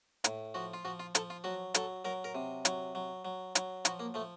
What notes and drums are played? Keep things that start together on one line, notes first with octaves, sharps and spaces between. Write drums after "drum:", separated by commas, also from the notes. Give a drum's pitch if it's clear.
A2, drum: hi-hat
F3 F#4
F4
F3 F#4
F4
F3 A4, drum: hi-hat
F4
F#3 F#4
F#3 A4, drum: hi-hat
F#3 A#4
A#4
C3
F#3, drum: hi-hat
F#3
F#3
F#3, drum: hi-hat
F3 F#4, drum: hi-hat
A#3
F3 A3